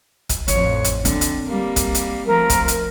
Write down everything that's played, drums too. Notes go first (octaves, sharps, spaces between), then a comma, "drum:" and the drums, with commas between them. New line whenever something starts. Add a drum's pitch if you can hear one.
drum: kick, hi-hat
A1 F2 C#5, drum: hi-hat
drum: hi-hat
D3 C4, drum: kick, hi-hat
drum: hi-hat
G3 A#3
drum: kick, hi-hat
drum: hi-hat
F3 A3 A#4
drum: kick, hi-hat
drum: hi-hat